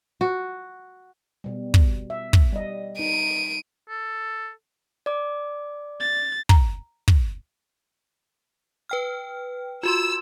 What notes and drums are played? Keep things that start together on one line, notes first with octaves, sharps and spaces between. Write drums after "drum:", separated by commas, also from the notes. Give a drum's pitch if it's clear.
F#4
B2 G3
drum: kick
E5
drum: kick
G3 D#5
D#4 D7 D#7
A4
D5 D6
A6
A#5, drum: kick
drum: kick
B4 G5 F6
F4 F#4 C6 E6